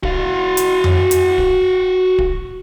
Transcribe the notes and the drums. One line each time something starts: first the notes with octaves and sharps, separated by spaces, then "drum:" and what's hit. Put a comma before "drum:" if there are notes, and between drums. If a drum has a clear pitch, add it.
F#4 F5, drum: kick D1
drum: hi-hat
drum: tom F2
drum: hi-hat
drum: kick D1
drum: kick D1